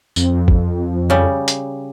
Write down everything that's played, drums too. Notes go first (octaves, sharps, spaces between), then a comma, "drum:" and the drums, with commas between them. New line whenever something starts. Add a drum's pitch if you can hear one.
F2, drum: tambourine
drum: kick
C#3 G3
drum: hi-hat